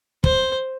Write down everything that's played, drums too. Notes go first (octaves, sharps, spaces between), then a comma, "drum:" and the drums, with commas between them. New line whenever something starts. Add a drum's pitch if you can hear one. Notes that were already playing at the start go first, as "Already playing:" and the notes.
C5, drum: kick